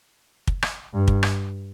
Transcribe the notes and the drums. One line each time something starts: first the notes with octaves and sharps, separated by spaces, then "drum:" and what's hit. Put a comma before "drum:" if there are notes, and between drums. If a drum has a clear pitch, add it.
drum: kick
drum: rim click
G2
drum: kick
drum: rim click